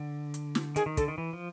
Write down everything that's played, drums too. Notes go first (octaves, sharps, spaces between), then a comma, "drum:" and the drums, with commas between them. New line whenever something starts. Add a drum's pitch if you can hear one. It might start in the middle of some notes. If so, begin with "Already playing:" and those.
Already playing: D3
drum: hi-hat
drum: snare
D#3 G#4, drum: hi-hat
D#3
D3 A4, drum: kick, hi-hat
D#3
E3
F3